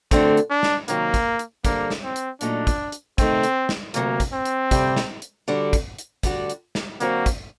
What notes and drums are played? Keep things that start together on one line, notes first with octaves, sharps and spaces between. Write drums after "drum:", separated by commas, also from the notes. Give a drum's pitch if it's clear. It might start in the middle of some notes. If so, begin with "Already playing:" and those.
D3 A3 C4 D4 F#4, drum: kick, hi-hat
drum: hi-hat
D4
drum: snare
C3 D#3 F#3 A#3, drum: hi-hat
drum: kick, hi-hat
drum: hi-hat
D3 G3 A#3 C4, drum: kick, hi-hat
drum: snare
C4
drum: hi-hat
A#2 F#3 A3 D4 D#4, drum: hi-hat
drum: kick, hi-hat
drum: hi-hat
C3 D#3 A3 C4 D#4, drum: kick, hi-hat
drum: hi-hat
drum: snare
D2 C3 F#3 A#3, drum: hi-hat
drum: kick, hi-hat
C4
drum: hi-hat
D2 C3 G3, drum: kick, hi-hat
drum: snare
drum: hi-hat
D3 G3 D4 F#4
drum: kick, hi-hat
drum: hi-hat
D2 D3 G3 D4 F#4, drum: kick, hi-hat
drum: hi-hat
drum: snare
D3 F#3 A#3 C4 F#4, drum: hi-hat
drum: kick, hi-hat